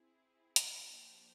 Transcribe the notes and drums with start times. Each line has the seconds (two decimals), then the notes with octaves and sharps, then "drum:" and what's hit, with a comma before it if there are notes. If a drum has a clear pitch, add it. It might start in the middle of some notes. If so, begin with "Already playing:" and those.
Already playing: C4 E4 G#4
0.56 drum: hi-hat
0.87 F3 A#3 D4 G4 C5